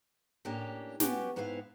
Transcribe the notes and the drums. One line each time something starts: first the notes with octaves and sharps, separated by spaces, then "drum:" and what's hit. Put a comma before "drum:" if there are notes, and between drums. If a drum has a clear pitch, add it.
A2 A#3 C#4 D4 G4
B3 C#4 F#4 G4, drum: snare
G#2 B3 C4 E4 G#4 F5